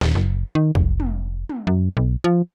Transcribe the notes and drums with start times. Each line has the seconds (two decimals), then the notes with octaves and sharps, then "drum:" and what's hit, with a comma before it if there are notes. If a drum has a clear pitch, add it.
0.01 D#1, drum: snare
0.15 F#1
0.55 D#3
0.75 F1, drum: kick
1.00 drum: tom
1.49 drum: tom
1.67 F#2
1.97 B1
2.24 F3